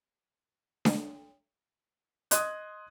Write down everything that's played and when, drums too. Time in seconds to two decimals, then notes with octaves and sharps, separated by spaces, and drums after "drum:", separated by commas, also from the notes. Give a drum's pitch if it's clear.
0.85 drum: snare D4
2.31 D#5 C6 D#6 F#6 G#6, drum: hi-hat